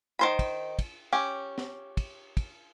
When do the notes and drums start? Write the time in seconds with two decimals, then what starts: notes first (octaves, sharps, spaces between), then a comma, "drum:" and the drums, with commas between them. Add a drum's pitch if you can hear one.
0.19 D#3 C5 B5
0.39 drum: kick, cymbal
0.79 drum: kick, cymbal
1.13 C#4 G4
1.58 drum: snare
1.97 drum: kick, cymbal
2.37 drum: kick, cymbal